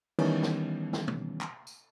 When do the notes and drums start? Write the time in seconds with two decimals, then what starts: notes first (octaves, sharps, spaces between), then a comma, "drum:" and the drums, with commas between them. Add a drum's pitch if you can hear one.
0.19 D#3 E3 G3 B3 C#4, drum: cymbal
0.43 drum: snare
0.93 drum: snare
1.08 drum: tom
1.41 drum: clap
1.67 drum: tambourine